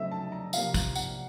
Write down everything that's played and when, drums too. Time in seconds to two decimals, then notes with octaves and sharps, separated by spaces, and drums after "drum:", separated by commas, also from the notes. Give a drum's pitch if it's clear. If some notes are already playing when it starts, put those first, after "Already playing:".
Already playing: C#3 F#3 A3 C4 D#5 E5
0.11 A5
0.32 A#5
0.53 C3 F3 A#3 F5, drum: tambourine
0.74 drum: kick, tambourine
0.95 F#5, drum: tambourine